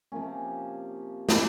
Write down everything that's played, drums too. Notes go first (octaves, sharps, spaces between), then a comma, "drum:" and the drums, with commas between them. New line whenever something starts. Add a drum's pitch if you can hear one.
C3 F3 A#3 C#4
G3 C4 G4, drum: snare